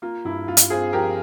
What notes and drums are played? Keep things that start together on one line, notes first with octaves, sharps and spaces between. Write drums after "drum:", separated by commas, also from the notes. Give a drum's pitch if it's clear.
A#3 F4
G2 E4
G2 F4
drum: hi-hat
C4 F4 G#4
F3 G4 A#4